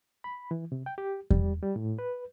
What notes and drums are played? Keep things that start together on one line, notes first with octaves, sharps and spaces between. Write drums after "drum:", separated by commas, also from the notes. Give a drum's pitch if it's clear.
B5
E3
C3
G5
G4
G3, drum: kick E2
G3
A2
B4